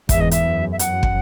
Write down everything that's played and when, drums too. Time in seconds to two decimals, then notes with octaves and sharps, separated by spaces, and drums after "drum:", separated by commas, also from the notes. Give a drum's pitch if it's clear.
0.09 E2 G#2 E5, drum: kick, hi-hat
0.21 D#5
0.31 E5, drum: hi-hat
0.45 F#2
0.72 E5
0.79 F#2 F#5, drum: hi-hat
1.03 drum: kick